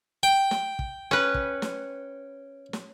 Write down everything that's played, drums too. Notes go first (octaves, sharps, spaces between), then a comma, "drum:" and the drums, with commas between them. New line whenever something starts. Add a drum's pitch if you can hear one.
G5
drum: snare
drum: kick
C#4 B4
drum: kick
drum: snare
drum: snare